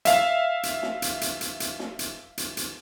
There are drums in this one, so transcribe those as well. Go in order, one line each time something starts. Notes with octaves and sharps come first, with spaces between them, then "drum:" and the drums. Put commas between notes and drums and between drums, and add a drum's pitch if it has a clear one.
E5 F5, drum: hi-hat
drum: hi-hat
drum: snare
drum: hi-hat
drum: hi-hat
drum: hi-hat
drum: hi-hat
drum: snare
drum: hi-hat
drum: hi-hat
drum: hi-hat